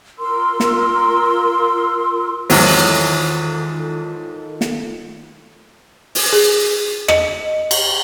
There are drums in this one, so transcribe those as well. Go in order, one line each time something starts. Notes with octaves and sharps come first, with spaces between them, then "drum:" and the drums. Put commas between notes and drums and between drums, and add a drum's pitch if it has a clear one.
F4 A#4 C6 E6
drum: snare
E2 G#2 D#3 F#3 F4 A4, drum: open hi-hat
drum: snare
drum: open hi-hat
G#4
D#5, drum: rim click
drum: cymbal